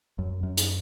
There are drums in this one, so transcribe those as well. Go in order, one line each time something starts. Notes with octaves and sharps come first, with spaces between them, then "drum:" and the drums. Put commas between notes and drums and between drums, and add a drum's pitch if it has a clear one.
F#2
F#2
drum: hi-hat